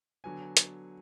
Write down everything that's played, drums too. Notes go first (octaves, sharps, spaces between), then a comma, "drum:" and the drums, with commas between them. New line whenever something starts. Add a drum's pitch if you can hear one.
D3 F#3 B3 G#5
drum: hi-hat